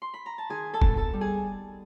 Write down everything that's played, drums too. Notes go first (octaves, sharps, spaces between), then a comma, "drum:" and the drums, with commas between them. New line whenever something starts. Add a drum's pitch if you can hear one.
C6
B5
A#5
A5
D#3 G#4 G#5
A4 A5
B3, drum: kick F1
A4 A5
G3
G#4 G#5